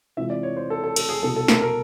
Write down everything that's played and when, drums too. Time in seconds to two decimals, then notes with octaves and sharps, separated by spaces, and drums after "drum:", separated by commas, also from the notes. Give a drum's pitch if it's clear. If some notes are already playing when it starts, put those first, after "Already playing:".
0.17 C3 E3 G#3 C4 F4 E5
0.30 D5
0.43 C#5
0.57 C5
0.70 A4
0.84 A4
0.96 A4, drum: cymbal
1.09 G#4
1.22 C2 B2 G3 A4
1.36 A4
1.48 A#4, drum: snare
1.62 A#4